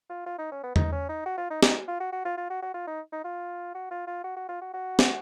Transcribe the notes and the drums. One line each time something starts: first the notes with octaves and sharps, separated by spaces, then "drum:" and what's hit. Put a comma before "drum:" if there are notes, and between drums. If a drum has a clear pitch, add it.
F4
F4
D#4
C#4
B3
D#4, drum: tom E2
C#4
D#4
F#4
F4
D#4
D#4, drum: snare
F4
F#4
F#4
F4
F4
F#4
F#4
F4
D#4
D#4
F4
F#4
F4
F4
F#4
F#4
F4
F#4
F#4
drum: snare